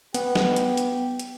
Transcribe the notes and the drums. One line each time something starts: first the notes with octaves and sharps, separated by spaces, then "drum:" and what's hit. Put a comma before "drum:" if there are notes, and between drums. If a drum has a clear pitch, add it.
B3 G4, drum: hi-hat
drum: snare
drum: hi-hat
drum: hi-hat
drum: hi-hat